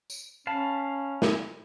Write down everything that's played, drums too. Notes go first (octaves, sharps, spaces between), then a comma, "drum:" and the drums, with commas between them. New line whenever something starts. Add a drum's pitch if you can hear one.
drum: tambourine
C#4 F5 A5 B5
drum: snare